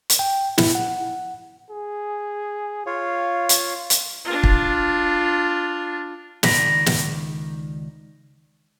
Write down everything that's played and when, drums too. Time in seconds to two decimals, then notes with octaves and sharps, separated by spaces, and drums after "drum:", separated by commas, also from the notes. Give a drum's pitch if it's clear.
0.10 drum: hi-hat
0.19 G5
0.58 E4, drum: snare
0.75 F#5
1.70 G#4
2.86 F4 C#5 F5
3.49 drum: hi-hat
3.90 drum: hi-hat
4.25 D4 F4
4.43 drum: kick
6.43 C#2 D#3 D5 A#5 B5, drum: snare
6.86 drum: snare